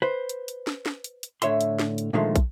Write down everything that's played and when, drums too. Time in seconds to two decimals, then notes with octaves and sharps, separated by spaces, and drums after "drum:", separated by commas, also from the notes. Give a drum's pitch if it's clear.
0.02 B4 C5
0.29 drum: hi-hat
0.48 drum: hi-hat
0.67 drum: snare
0.86 drum: snare
1.04 drum: hi-hat
1.23 drum: hi-hat
1.42 A2 D3 C#5 E5 C6, drum: hi-hat
1.61 drum: hi-hat
1.79 drum: snare
1.98 drum: hi-hat
2.13 A#2 D3 D#3 F3 G#3 A3
2.36 drum: kick, hi-hat